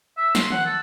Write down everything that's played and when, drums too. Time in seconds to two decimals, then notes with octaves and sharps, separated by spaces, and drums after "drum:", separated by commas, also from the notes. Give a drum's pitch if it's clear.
0.17 E5
0.35 C6, drum: snare
0.50 F#5, drum: tom D#3
0.65 A4